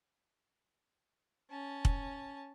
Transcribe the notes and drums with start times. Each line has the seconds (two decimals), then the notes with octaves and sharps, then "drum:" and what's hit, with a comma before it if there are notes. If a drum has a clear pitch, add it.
1.50 C#4 A5
1.85 drum: kick